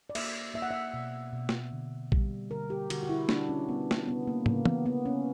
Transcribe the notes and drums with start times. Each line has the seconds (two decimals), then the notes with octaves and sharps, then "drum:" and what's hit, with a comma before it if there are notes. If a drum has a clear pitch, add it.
0.10 D5
0.15 A#3 E5, drum: cymbal
0.54 A#3 E5
0.62 F#5
0.71 E5
0.94 B2
1.33 B2
1.49 drum: snare
1.72 D3
2.12 G3, drum: kick A#1
2.51 D3 A#4
2.70 G4
2.90 D3 F#4, drum: cymbal
3.03 F#4
3.09 E4
3.29 G3 D4, drum: snare
3.49 C#4
3.68 G3 B3
3.91 drum: snare
4.07 C#3 B3
4.27 A#3
4.46 C#3 A#3, drum: tom
4.65 B3, drum: tom
4.86 A#3 B3
5.05 C#4